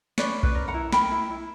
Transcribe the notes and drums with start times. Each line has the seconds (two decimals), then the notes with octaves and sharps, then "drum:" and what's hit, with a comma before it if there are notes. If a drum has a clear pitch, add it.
0.18 C#4 B4 D5, drum: snare
0.37 C#4
0.43 B4 D5, drum: kick B1
0.55 A#4
0.68 F#5 A#5
0.74 E4
0.92 A#4 G5 B5, drum: snare
1.11 E4
1.30 E4